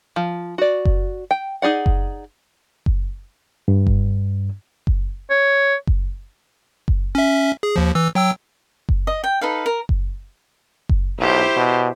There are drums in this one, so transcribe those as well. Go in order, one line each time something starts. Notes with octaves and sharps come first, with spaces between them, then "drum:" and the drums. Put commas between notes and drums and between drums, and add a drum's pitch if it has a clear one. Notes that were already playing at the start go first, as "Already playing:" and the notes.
F3
F#4 D5
drum: kick F#1
G5
D#4 G#4 D5 F#5
drum: kick F#1
drum: kick F#1
G2
drum: kick F#1
drum: kick F#1
C#5
drum: kick F#1
drum: kick F#1
C#4 E5
G#4
D#2 F3
E3 E6
F#3 G5 E6
drum: kick F#1
D#5
G5
D#4 A4 B4 F5
A#4
drum: kick F#1
drum: kick F#1
B1 E4 G4 C5
B2